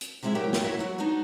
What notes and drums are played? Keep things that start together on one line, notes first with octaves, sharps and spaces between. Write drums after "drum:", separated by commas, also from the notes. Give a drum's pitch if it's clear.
drum: hi-hat
C3 F3 G#3 E4 E5
F#3 G#3 E4 G4 A#4 G5
drum: snare
E4 F#4 A#4 C#5 E5
F#3 F#4
G#3 B3 D4 D#4 F#4